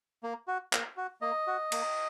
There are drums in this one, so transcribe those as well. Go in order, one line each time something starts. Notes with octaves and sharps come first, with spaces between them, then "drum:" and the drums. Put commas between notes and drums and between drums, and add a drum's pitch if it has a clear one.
A#3
F#4
A#3, drum: clap
F#4
A#3 D#5
F#4
A#3, drum: cymbal